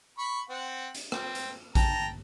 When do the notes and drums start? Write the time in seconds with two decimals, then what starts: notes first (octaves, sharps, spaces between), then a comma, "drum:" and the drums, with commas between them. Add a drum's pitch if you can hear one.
0.18 B5 C#6
0.49 C4 F#5
0.95 drum: hi-hat
1.12 C4, drum: rim click
1.35 drum: hi-hat
1.75 G5 A5 A#5, drum: kick A1, hi-hat